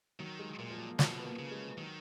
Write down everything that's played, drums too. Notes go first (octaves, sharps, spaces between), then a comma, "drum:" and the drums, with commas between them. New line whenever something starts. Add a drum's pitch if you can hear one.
D#3 F#3
G#3
A#2 A#3
F3
F#3
B2 F3, drum: snare
B3
A#3
C#3
G#3
D#3 F#3